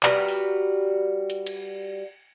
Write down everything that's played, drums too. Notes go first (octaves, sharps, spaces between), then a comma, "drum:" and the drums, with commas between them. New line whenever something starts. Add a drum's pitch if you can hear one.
G3 F#4 A#4 B4, drum: clap
drum: open hi-hat
drum: hi-hat
drum: cymbal